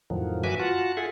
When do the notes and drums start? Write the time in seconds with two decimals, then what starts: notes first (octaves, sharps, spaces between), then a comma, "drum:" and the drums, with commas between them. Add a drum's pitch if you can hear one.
0.10 F2 A2 D#3 F3 F#3
0.44 F#4 B4 E5 G#5 D6, drum: tom F#2
0.59 F4 F#4 F#5 A5
0.97 F4 G#4 A4 E5 F#5 G#5